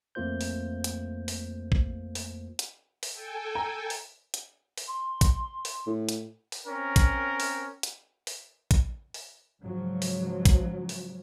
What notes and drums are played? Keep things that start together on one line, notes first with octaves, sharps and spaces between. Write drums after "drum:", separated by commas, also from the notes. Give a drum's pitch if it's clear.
F2 A3 A#3 F4 C5 G6
drum: open hi-hat
drum: hi-hat
drum: open hi-hat
drum: kick
drum: open hi-hat
drum: hi-hat
drum: open hi-hat
A4 G5 G#5
A#5
drum: open hi-hat
drum: hi-hat
drum: open hi-hat
C6
drum: kick, hi-hat
drum: open hi-hat
A2
drum: hi-hat
drum: open hi-hat
C4 C#4 A#4
drum: kick, hi-hat
drum: open hi-hat
drum: hi-hat
drum: open hi-hat
drum: kick, hi-hat
drum: open hi-hat
G#2 C#3 F3 F#3
drum: open hi-hat
drum: kick, hi-hat
drum: open hi-hat